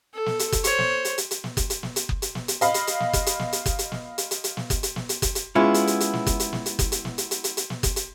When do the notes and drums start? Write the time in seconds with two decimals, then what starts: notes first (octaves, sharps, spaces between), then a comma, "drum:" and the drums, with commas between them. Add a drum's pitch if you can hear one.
0.14 A4
0.26 drum: snare
0.39 drum: hi-hat
0.52 drum: kick F#1, hi-hat
0.64 C5 C#5, drum: hi-hat
0.79 drum: snare
1.05 drum: hi-hat
1.18 drum: hi-hat
1.31 drum: hi-hat
1.44 drum: snare
1.57 drum: kick F#1, hi-hat
1.70 drum: hi-hat
1.83 drum: snare
1.96 drum: hi-hat
2.09 drum: kick F#1
2.22 drum: hi-hat
2.35 drum: snare
2.48 drum: hi-hat
2.61 D#5 F5 B5, drum: hi-hat
2.74 drum: hi-hat
2.87 drum: hi-hat
3.00 drum: snare
3.13 drum: kick F#1, hi-hat
3.26 drum: hi-hat
3.39 drum: snare
3.53 drum: hi-hat
3.66 drum: kick F#1, hi-hat
3.79 drum: hi-hat
3.92 drum: snare
4.18 drum: hi-hat
4.31 drum: hi-hat
4.44 drum: hi-hat
4.57 drum: snare
4.70 drum: kick F#1, hi-hat
4.83 drum: hi-hat
4.96 drum: snare
5.09 drum: hi-hat
5.22 drum: kick F#1, hi-hat
5.35 drum: hi-hat
5.55 G#3 B3 C#4 E4 F4
5.74 drum: hi-hat
5.87 drum: hi-hat
6.00 drum: hi-hat
6.13 drum: snare
6.27 drum: kick F#1, hi-hat
6.40 drum: hi-hat
6.53 drum: snare
6.66 drum: hi-hat
6.79 drum: kick F#1, hi-hat
6.92 drum: hi-hat
7.05 drum: snare
7.18 drum: hi-hat
7.31 drum: hi-hat
7.44 drum: hi-hat
7.57 drum: hi-hat
7.70 drum: snare
7.83 drum: kick F#1, hi-hat
7.96 drum: hi-hat